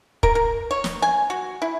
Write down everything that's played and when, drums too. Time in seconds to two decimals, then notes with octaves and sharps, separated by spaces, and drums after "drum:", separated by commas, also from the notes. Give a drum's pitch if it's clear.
0.23 A#4, drum: kick
0.35 A#4
0.71 C#5
0.84 drum: snare
1.02 G#5
1.30 F#4
1.62 E4